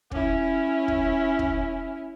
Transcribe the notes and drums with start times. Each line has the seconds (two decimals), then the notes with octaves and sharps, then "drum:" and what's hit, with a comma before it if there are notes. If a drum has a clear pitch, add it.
0.11 C#4 E4, drum: kick
0.88 drum: kick
1.39 drum: kick